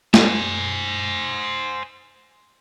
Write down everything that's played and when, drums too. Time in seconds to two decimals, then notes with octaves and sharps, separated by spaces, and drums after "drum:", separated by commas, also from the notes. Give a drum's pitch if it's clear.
0.14 C5 G#5, drum: snare